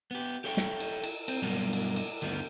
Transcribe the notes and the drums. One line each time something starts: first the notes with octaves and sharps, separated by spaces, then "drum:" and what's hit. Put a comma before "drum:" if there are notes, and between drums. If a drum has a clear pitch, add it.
B3 G4
G4 A4 C#5 E5 G5
drum: snare
drum: cymbal
drum: cymbal
C4, drum: cymbal
G2 B2 F#3 G3 A#3 B3
drum: cymbal
drum: cymbal
D2 G2 G3 B3, drum: cymbal